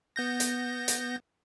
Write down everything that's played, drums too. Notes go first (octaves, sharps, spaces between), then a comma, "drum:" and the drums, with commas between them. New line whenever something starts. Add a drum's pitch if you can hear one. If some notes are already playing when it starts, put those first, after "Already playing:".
B3 G6 A#6
drum: hi-hat
drum: hi-hat